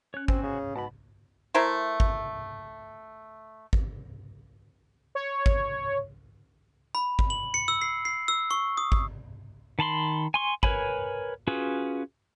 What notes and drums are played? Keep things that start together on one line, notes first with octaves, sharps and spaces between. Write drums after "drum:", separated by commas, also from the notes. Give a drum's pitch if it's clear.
C#4 C#5 F#6
C4 F#4 C5 G#5, drum: kick G#1
C#3
G#2 B2 A5 B5
A3 E4 A#4 C5
drum: kick G#1
drum: kick G#1
C#5
drum: kick G#1
B5
drum: kick G#1
F#7
C#7
E6
C7
C7
E6
C#6
D#6
drum: kick G#1
D#3 A5 B5 C6
G#5 C6 C#6
A#4 B4 C#5 G#5 B5, drum: kick G#1
C#4 F4 F#4 G#4 B4